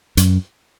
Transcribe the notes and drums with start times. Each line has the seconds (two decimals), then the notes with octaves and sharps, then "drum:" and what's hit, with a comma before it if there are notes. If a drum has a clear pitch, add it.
0.17 F#2, drum: hi-hat